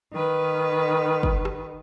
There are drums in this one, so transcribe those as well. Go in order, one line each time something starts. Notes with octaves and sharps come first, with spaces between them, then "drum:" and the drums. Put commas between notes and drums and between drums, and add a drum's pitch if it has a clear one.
D#3 B4
drum: kick
drum: rim click